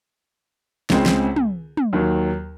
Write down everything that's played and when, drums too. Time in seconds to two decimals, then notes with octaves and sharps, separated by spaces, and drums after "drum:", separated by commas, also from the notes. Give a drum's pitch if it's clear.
0.90 C#2 C#3 G#3 C4, drum: snare
1.06 drum: snare
1.36 drum: tom
1.77 drum: tom
1.93 D#2 D#3 F#3